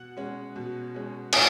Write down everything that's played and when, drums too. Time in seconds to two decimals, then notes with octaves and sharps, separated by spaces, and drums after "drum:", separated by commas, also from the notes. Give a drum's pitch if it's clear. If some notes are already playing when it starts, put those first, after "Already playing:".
Already playing: B2 F#5
0.17 G#3 C#4
0.56 B2
0.94 G#3 C#4
1.33 A2, drum: cymbal